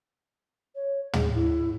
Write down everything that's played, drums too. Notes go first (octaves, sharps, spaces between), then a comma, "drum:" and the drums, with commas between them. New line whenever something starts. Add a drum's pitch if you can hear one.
C#5
G#4, drum: tom
E4